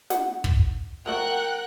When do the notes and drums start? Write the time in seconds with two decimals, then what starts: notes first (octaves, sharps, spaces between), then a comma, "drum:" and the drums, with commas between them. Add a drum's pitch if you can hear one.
0.10 F#5, drum: snare
0.44 drum: kick
1.06 F3 A3 F#4 A#4 F#5 G5 F#6